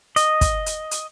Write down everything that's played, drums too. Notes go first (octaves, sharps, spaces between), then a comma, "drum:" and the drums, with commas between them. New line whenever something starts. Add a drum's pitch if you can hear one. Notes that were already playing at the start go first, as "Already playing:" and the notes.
D#5, drum: hi-hat
drum: kick, hi-hat
drum: hi-hat
drum: hi-hat